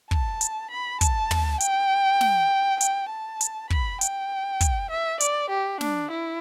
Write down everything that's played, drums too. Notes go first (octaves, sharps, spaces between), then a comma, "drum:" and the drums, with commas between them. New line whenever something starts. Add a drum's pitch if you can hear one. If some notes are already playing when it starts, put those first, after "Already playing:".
A5, drum: kick
drum: hi-hat
B5
A5, drum: kick, hi-hat
drum: tom
G5, drum: hi-hat
drum: snare
G5, drum: hi-hat
A5
drum: hi-hat
B5, drum: kick
G5, drum: hi-hat
drum: kick, hi-hat
E5
D5, drum: hi-hat
G4
D4, drum: snare
E4